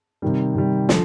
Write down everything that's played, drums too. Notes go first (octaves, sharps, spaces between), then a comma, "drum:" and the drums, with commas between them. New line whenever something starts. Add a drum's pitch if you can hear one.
C3 D#3 G3
C3 D#3 G3
D3 F3, drum: snare